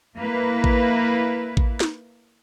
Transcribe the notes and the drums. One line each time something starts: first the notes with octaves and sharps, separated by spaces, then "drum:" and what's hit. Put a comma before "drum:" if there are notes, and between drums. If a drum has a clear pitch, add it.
A#3 E4 B4
drum: kick A1
drum: kick A1
drum: snare